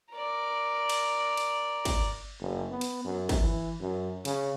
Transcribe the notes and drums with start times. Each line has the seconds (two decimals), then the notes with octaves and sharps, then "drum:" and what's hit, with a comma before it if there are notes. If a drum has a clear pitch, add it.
0.15 A#4 D5
0.89 drum: cymbal
1.37 drum: cymbal
1.85 drum: kick, cymbal
2.40 F#1
2.71 B3
2.81 drum: cymbal
3.05 F#2
3.29 drum: kick, cymbal
3.41 E3
3.81 F#2
4.25 C#3, drum: cymbal